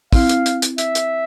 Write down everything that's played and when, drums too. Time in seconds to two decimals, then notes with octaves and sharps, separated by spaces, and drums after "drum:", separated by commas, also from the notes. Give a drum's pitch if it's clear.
0.13 C4 E4 F5, drum: kick, open hi-hat
0.29 drum: hi-hat
0.46 drum: hi-hat
0.62 drum: hi-hat
0.78 E5, drum: hi-hat
0.95 drum: hi-hat